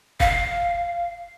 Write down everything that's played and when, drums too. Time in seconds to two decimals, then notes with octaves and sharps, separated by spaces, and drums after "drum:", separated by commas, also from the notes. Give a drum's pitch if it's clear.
0.20 F5, drum: kick F1